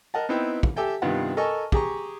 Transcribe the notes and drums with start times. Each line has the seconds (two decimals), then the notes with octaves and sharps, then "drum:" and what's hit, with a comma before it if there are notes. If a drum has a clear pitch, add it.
0.14 A#4 D#5 F#5 A5
0.29 B3 C4 D#4 E4 B4 G5
0.63 drum: kick
0.76 G4 A4 E5 G5 G#5
1.02 G2 C3 D#3 B3 F4 F#5
1.37 A4 A#4 D#5 G#5 A5 C#6
1.72 G4 G#4 A#5 C#6, drum: kick